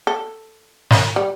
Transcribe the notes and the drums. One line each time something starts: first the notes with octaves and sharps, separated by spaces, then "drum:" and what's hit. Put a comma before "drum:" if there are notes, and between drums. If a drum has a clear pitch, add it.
A4
drum: snare
G3